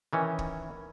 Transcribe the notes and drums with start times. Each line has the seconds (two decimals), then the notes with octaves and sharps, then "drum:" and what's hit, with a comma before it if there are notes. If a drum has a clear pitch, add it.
0.13 D#3 E3 C#4
0.39 drum: kick